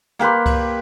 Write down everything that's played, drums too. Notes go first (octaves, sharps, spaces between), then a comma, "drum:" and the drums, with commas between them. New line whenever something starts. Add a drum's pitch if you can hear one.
A#3 G4 B4 C6, drum: rim click
drum: kick C#2, cymbal